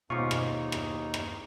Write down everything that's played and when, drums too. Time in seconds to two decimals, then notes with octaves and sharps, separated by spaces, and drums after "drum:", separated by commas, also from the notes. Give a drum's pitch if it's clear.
0.10 D#2 G#2 B2 C#4 D#4 F4 C#6 D6
0.31 drum: rim click
0.72 drum: rim click
1.14 drum: rim click